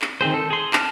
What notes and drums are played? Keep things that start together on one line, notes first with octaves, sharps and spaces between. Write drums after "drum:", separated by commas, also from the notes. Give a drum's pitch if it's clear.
drum: clap
D#3 C4 G#4 C5
A4
G#4 C6
A5 F6, drum: clap